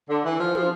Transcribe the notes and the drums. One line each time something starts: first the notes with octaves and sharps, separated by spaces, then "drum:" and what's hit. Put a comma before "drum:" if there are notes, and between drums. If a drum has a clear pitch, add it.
D3
E3
F3
F3, drum: tom